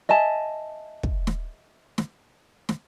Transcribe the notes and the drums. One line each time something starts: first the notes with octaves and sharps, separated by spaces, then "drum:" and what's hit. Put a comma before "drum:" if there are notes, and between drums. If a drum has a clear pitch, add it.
D#5 E5 G#5 A5
drum: kick
drum: snare
drum: snare
drum: snare